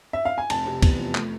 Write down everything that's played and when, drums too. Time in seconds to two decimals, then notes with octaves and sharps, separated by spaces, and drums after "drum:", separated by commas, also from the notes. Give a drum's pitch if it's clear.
0.13 E5
0.25 F5
0.38 G#5
0.50 F1 A5, drum: cymbal
0.66 C3
0.83 E2, drum: kick, cymbal
0.99 F3
1.15 A3, drum: clap